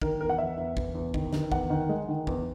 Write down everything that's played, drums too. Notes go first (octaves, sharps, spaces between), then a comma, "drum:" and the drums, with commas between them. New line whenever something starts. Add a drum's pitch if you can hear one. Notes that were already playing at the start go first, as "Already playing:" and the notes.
D#3 A#4, drum: kick
E2 A#4
F#5
E2 E5
E2
E2, drum: kick
E2
D#3, drum: kick
D#3, drum: snare
E2 F#5, drum: kick
D#3
G#3
D#3
E2, drum: kick